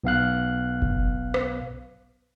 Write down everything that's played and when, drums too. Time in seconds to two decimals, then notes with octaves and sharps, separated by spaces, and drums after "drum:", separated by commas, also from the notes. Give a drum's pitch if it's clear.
0.04 B1 B3 F5 F#6
0.82 drum: kick F#1
1.34 drum: rim click